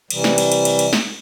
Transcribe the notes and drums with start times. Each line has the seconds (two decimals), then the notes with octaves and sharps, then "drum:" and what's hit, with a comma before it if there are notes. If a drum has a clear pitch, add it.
0.10 C3 E3 G3, drum: cymbal
0.24 drum: snare
0.38 drum: cymbal
0.52 drum: cymbal
0.65 drum: cymbal
0.79 drum: cymbal
0.93 drum: snare